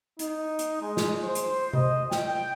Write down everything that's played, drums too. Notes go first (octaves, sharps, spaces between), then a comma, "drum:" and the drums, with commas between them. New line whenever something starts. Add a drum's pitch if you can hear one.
D#4, drum: hi-hat
drum: hi-hat
G#3
drum: snare
C5
drum: hi-hat
D#5, drum: tom C3
G5, drum: snare